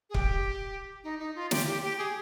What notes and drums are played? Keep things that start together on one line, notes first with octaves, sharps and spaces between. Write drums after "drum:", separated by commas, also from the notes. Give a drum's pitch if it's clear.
G#4
G4, drum: kick C#1
D#4
D#4
F4
G4, drum: snare
G4
G4
G#4